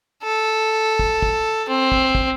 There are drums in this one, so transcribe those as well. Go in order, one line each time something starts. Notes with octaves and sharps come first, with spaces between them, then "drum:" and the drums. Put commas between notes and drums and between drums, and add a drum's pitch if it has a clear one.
A4
drum: kick
drum: kick
C4
drum: kick
drum: kick